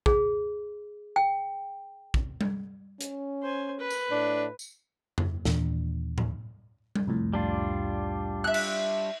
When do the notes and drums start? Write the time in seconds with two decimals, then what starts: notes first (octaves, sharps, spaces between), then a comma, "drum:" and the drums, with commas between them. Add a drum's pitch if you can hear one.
0.06 G#4, drum: kick
1.16 G5
2.14 drum: kick
2.41 drum: tom G3
3.01 C#4, drum: hi-hat
3.43 C5 G#5
3.79 B4
3.90 drum: tambourine
4.11 A2 D4
4.59 drum: tambourine
5.18 drum: tom F2
5.45 D#2 A#2 E3 D4, drum: snare
6.18 drum: tom A2
6.96 drum: tom G3
7.07 C2 F2 A2
7.33 G3 D4 F4
8.44 E5 F#6
8.54 drum: cymbal